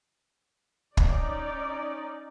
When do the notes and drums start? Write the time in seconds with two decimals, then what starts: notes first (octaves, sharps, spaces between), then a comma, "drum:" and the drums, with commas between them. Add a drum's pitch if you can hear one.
0.97 C#4 D#4 D5, drum: kick